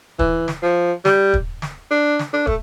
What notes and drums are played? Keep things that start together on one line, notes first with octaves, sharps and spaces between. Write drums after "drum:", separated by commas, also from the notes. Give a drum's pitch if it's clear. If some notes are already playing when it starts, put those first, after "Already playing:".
E3, drum: kick
drum: snare
F3
G3, drum: snare
drum: kick
drum: snare
D4
drum: snare
D4
A3, drum: kick